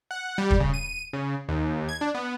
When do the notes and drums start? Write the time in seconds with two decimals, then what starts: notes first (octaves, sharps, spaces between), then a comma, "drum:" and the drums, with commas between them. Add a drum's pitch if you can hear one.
0.11 F#5
0.38 G3
0.51 drum: kick
0.60 C#3
0.74 D#7
1.13 C#3
1.49 D#2
1.89 G#6
2.01 D4
2.15 B3